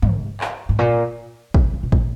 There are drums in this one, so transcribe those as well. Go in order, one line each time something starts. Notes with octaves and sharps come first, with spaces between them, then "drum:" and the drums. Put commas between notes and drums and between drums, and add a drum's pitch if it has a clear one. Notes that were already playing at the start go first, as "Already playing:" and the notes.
G#2, drum: tom
drum: clap
G#2
A#2
B2, drum: kick
A#2
D3
B2
A#2, drum: kick